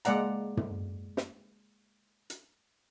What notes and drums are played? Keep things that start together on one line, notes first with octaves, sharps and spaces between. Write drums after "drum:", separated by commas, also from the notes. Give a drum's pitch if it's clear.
G#3 A#3 D5 F#5 A#5, drum: hi-hat
drum: tom
drum: snare
drum: hi-hat